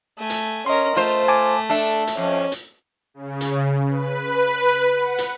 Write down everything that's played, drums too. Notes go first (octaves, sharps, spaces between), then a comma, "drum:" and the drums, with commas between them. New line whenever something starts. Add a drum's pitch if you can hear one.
A3 G#5
drum: hi-hat
C#4 A#4 D#5 C6
A3 F4 C5
G#5 A5 D6
D4 A4 E5 A5
drum: hi-hat
F2 C#4
drum: hi-hat
C#3
drum: hi-hat
B4
F#5
drum: hi-hat